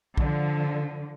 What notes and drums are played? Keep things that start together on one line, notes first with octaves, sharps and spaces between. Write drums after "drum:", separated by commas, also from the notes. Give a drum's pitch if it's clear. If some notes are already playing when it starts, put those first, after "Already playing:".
D3 F3, drum: kick A#1